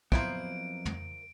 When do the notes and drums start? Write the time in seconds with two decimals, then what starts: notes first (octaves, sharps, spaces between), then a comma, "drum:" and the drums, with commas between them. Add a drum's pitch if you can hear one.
0.12 F2 F#3 A#3 B3 E4 C5 D7, drum: kick
0.85 drum: tom